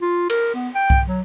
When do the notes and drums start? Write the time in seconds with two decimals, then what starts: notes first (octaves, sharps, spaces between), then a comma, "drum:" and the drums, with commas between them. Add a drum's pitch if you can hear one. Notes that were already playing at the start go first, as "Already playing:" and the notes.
0.01 F4
0.30 A#4, drum: cymbal
0.55 B3
0.75 G5
0.90 drum: kick C2
1.07 F#3